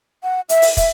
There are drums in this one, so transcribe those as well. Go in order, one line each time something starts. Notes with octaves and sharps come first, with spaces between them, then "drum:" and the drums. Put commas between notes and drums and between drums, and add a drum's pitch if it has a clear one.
F#5
E5, drum: hi-hat
drum: open hi-hat
E5, drum: kick, hi-hat